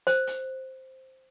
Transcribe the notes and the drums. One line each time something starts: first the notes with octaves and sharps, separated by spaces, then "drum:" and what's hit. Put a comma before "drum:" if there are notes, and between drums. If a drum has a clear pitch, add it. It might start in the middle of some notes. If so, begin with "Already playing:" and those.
C5, drum: hi-hat
drum: hi-hat